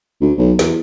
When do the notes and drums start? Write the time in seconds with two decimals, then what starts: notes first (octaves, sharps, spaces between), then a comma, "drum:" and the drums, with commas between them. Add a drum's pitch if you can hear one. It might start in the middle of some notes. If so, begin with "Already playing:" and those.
0.21 D2
0.37 B1
0.59 E2, drum: snare